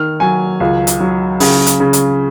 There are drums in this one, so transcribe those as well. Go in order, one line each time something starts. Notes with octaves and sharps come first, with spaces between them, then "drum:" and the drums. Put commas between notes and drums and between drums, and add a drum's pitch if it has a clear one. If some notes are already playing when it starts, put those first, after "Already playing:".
Already playing: D#3 F6
F#3 G#5
C#2
drum: hi-hat
F#3
C#3, drum: open hi-hat
drum: hi-hat
C#3
drum: hi-hat